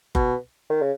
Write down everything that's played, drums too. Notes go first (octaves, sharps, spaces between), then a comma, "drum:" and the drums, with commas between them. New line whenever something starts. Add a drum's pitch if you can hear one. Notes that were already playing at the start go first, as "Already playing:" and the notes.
B2, drum: kick F#1
D#3
C#3